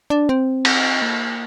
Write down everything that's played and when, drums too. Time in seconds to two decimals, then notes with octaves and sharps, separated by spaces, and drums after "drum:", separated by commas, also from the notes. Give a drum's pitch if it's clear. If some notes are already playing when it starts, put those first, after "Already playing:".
0.10 D4
0.29 C4
0.65 drum: cymbal
1.02 A#3